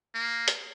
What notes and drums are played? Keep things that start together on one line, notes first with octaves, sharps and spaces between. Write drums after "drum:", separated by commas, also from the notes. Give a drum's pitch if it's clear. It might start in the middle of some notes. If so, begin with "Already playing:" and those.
A#3
drum: hi-hat